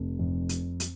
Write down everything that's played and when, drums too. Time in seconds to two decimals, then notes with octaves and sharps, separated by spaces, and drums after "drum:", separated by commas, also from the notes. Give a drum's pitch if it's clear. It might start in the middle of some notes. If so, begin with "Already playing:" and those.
Already playing: F1
0.19 F2
0.49 drum: hi-hat
0.80 drum: hi-hat